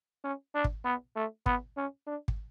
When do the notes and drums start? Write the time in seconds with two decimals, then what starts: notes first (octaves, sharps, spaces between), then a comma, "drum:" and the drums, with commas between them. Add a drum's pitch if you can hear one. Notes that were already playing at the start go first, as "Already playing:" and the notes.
0.24 C#4
0.55 D4
0.64 drum: kick
0.85 B3
1.16 A3
1.46 B3, drum: kick
1.77 C#4
2.07 D4
2.28 drum: kick